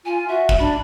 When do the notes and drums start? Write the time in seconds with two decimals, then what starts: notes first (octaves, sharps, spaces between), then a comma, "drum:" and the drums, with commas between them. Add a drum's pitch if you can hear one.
0.05 F4 G#5
0.28 F#4 E5
0.49 drum: kick
0.59 D4 B5